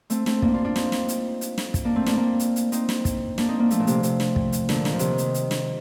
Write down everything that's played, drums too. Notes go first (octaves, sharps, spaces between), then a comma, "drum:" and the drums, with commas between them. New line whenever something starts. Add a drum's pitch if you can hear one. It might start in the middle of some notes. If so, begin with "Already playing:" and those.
A3 C4, drum: hi-hat
A3 C4, drum: snare
A#3 D4, drum: kick
D4 F4
D4 F4
C4 D#4, drum: snare
drum: snare
drum: hi-hat
drum: hi-hat
drum: snare
drum: kick, hi-hat
A#3 D4
A3 C4
A#3 D4, drum: snare
A#3 D4
drum: hi-hat
drum: hi-hat
C4 D#4, drum: hi-hat
drum: snare
drum: kick, hi-hat
A#3 D4, drum: snare
C4 D#4
A#3 D4
F3 A3, drum: hi-hat
A#2
C3, drum: hi-hat
C3, drum: hi-hat
drum: snare
drum: kick
drum: hi-hat
A#2 D3, drum: snare
D#3, drum: snare
F3
C3 D#3, drum: hi-hat
drum: hi-hat
drum: hi-hat
drum: snare